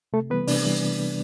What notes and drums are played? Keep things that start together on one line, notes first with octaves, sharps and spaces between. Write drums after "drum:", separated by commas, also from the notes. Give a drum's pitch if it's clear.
C3 A3 A4
E3 G3 B3 B4
C3 D4 D5, drum: open hi-hat
E3 G3